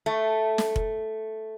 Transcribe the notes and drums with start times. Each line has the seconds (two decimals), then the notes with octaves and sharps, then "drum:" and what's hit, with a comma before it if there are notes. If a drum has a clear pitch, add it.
0.06 A3
0.58 drum: snare
0.76 drum: kick F1